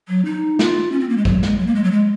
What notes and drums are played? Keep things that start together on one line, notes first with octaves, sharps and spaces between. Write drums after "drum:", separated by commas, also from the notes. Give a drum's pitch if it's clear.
F#3
D#4
F4, drum: snare
C#4
C4
A#3
G#3
F#3, drum: kick
G#3, drum: snare
F#3
A#3
G#3
F#3
G#3